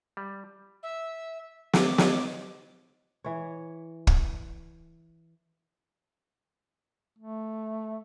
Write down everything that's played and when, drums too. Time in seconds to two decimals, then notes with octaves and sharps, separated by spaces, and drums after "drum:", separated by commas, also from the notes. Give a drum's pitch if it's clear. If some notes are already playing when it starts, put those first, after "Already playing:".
0.17 G3
0.83 E5
1.73 D6, drum: snare
1.98 F4 C#5 D#5, drum: snare
3.24 E3 C#5
4.07 drum: kick
7.19 A3